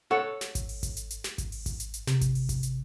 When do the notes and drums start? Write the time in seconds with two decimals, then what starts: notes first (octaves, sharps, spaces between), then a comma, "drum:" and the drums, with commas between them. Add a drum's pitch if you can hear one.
0.11 A4 C#5 F#5
0.41 drum: snare
0.55 drum: kick G#1, hi-hat
0.69 drum: open hi-hat
0.83 drum: kick G#1, hi-hat
0.97 drum: hi-hat
1.10 drum: hi-hat
1.24 drum: snare
1.38 drum: kick G#1, hi-hat
1.52 drum: open hi-hat
1.66 drum: kick G#1, hi-hat
1.80 drum: hi-hat
1.94 drum: hi-hat
2.07 C3, drum: snare
2.21 drum: kick G#1, hi-hat
2.35 drum: open hi-hat
2.49 drum: kick G#1, hi-hat
2.63 drum: hi-hat